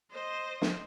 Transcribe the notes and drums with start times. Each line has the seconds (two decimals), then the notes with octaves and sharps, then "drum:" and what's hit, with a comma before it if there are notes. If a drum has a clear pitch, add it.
0.11 C5 D#5
0.62 drum: snare